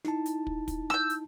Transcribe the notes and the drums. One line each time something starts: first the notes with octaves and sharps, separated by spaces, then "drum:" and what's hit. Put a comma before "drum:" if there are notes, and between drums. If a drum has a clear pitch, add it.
D#4 E4 A5, drum: snare
drum: hi-hat
drum: kick
drum: kick, hi-hat
E6 G6, drum: snare
drum: hi-hat